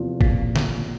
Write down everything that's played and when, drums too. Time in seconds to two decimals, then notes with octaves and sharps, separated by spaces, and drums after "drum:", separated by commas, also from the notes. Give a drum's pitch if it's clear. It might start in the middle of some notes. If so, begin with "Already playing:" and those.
Already playing: E2 C3 F3
0.21 A#2, drum: kick G1
0.56 drum: snare